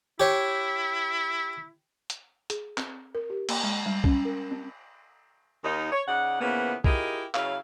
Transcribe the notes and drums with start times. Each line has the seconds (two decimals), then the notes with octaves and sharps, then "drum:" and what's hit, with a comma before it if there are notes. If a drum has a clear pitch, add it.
0.20 E4 G4 C#5
2.10 drum: hi-hat
2.50 G#4, drum: hi-hat
2.77 C4, drum: clap
3.15 A#4
3.30 G4
3.49 A#3, drum: cymbal
3.64 G#3
3.86 G3
4.04 C#4, drum: kick
4.25 A#4
4.51 C4
5.64 D#2 D#3 A#3 D#4
5.92 C#5
6.08 C#3 D#4 D5 F#5
6.41 C#3 E3 F3 A#3 B3
6.84 E4 F4 G4 G#4 A#4 D#5, drum: kick
7.34 C#3 F#3 E4 F5, drum: clap